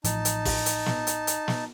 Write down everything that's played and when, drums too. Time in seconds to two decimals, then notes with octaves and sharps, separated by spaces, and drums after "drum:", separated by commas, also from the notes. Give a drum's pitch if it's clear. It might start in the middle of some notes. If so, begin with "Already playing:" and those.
0.04 A1 A2 F3 D#4 A5, drum: hi-hat
0.25 drum: hi-hat
0.45 drum: kick, open hi-hat
0.66 drum: hi-hat
0.86 drum: snare
1.07 drum: hi-hat
1.27 drum: hi-hat
1.48 drum: snare